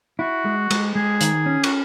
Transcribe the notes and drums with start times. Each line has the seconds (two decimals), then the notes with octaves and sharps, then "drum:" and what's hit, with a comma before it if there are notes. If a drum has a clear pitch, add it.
0.19 E4 F#4
0.45 G#3
0.71 G#3, drum: cymbal
0.95 G#3 G#4
1.21 D#3, drum: hi-hat
1.46 C#4
1.64 F#4, drum: cymbal